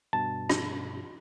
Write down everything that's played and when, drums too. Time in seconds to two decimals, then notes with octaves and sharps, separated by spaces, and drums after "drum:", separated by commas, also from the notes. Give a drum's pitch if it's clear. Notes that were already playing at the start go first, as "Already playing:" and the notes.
0.13 G2 B2 A5
0.50 drum: rim click